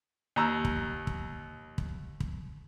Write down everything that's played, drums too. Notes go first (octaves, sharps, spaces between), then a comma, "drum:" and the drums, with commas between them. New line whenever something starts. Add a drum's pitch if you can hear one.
D#2 A#5 E6
drum: kick
drum: kick
drum: kick
drum: kick